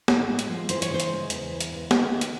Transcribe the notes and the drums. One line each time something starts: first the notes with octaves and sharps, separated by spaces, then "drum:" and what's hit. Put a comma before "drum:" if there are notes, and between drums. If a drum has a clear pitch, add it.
A2, drum: snare
G#3
drum: hi-hat
F3
E3 C5, drum: hi-hat
C#5, drum: hi-hat
C#3 C5
drum: hi-hat
G#3
E2, drum: hi-hat
E3
drum: hi-hat
C#3
G#3, drum: snare
D#3
drum: hi-hat